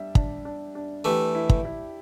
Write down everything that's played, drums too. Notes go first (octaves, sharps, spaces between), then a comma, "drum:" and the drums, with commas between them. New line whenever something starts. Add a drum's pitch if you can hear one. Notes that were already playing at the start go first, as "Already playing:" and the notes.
Already playing: G3 D4 E5
D4, drum: kick
D4
D4
E3 A3 G4
E4
drum: kick
E4